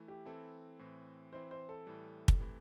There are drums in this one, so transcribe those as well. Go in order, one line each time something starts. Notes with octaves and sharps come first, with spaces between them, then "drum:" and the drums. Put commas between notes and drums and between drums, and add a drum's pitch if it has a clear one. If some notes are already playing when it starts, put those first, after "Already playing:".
Already playing: E3 A3 E4
G4
E3 C4 E4 A4
A2 E3 C4
E3 C4 E4 C5
C5
A4
A2 E3 G3
drum: kick
C3 E3 A3 E4